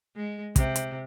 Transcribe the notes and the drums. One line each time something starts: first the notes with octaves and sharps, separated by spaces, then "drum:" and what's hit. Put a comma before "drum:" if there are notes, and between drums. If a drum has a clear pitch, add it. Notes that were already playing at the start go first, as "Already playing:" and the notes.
G#3
C3, drum: kick, hi-hat
drum: hi-hat